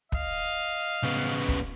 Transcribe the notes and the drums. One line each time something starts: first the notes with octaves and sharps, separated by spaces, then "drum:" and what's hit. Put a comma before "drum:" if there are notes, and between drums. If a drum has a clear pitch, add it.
D#5 F5, drum: kick
C#3 B3
drum: kick